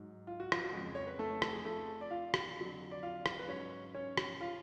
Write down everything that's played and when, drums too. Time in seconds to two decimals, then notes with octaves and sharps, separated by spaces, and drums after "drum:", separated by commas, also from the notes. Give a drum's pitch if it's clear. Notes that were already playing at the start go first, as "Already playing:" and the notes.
Already playing: G#2 F#3
0.27 F4
0.40 F#4
0.52 F3 F4, drum: rim click
0.64 F#4
0.73 F2 C#3 F#3 G#3 G#4
0.95 C#5
1.07 B4
1.19 A3 A4
1.42 drum: rim click
1.53 G#4
1.64 F2 F3 A3 A4
2.01 D5
2.11 F4 F5
2.34 drum: rim click
2.57 F2 D3 F#3
2.91 D5
3.03 F4 F5
3.26 drum: rim click
3.39 B4
3.48 G#2 F#3 C#4 C#5
3.94 C#4 C#5
4.17 drum: rim click
4.40 F3 F4 F5